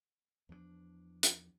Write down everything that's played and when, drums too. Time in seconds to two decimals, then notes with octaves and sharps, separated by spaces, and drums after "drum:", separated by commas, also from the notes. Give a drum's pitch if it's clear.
0.49 E2 F3 G#3 D4
1.23 drum: hi-hat